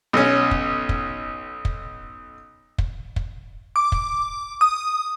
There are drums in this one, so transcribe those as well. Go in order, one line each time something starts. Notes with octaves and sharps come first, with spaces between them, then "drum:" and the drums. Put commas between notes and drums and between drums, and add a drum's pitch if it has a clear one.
B1 C#4
drum: kick
drum: kick
drum: kick
drum: kick
drum: kick
D6
drum: kick
D#6